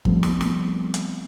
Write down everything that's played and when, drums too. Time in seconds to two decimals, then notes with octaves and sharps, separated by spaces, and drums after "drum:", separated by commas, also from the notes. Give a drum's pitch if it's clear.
0.05 F3 G3 A3 B3 C4, drum: kick
0.23 drum: snare
0.41 drum: snare
0.94 drum: hi-hat